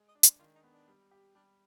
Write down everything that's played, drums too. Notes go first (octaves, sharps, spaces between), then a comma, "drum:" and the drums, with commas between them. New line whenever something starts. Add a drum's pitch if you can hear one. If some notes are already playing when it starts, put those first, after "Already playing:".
Already playing: G#3 G#4
D#5
D4
C5, drum: hi-hat
D#3 F4
D#4
B3
D4
G3
G4
G3 D4